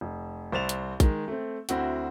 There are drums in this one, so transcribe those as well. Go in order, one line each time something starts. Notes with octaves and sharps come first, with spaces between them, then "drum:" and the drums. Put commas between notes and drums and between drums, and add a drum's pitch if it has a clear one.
F1
C2 C5 A6 E7 F7
drum: hi-hat
D#3 G#3, drum: kick A#1, hi-hat
A3 C4
D2 C4 E4 F#4, drum: hi-hat